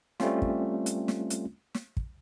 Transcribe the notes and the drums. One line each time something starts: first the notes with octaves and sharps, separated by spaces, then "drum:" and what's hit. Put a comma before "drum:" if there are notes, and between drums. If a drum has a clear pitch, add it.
G3 A3 C4 C#4 F4, drum: snare
drum: kick
drum: hi-hat
drum: snare
drum: hi-hat
drum: snare
drum: kick